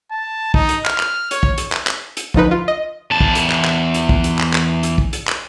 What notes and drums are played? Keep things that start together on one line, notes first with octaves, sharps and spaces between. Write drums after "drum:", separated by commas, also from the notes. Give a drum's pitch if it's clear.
A5
D#4, drum: kick
drum: hi-hat
F6, drum: clap
drum: clap
C#5, drum: hi-hat
drum: kick
drum: hi-hat
drum: clap
drum: clap
drum: hi-hat
D2 F3 D#4 B4, drum: kick
F4
D#5
E2 A5
drum: kick
drum: hi-hat
drum: clap
drum: clap
drum: hi-hat
drum: kick
drum: hi-hat
drum: clap
drum: clap
drum: hi-hat
drum: kick
drum: hi-hat
drum: clap